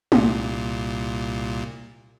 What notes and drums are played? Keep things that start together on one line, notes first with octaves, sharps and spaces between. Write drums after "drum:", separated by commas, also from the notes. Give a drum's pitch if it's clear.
C2 A#2, drum: tom G#3